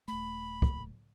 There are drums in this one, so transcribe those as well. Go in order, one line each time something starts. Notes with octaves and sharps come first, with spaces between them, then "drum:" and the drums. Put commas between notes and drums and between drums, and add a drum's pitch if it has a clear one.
D#1 A3 B5
drum: kick